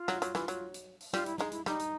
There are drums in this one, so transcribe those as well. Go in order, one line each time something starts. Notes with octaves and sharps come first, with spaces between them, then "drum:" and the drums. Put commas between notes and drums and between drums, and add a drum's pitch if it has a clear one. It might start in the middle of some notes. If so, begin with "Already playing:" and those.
Already playing: F4
F#3, drum: snare
F#3, drum: hi-hat
E3, drum: snare
F#3, drum: hi-hat
drum: hi-hat
drum: open hi-hat
G3 F4, drum: snare
E4, drum: hi-hat
G#3 D#4, drum: snare
E4, drum: hi-hat
G3 D#4, drum: snare
drum: hi-hat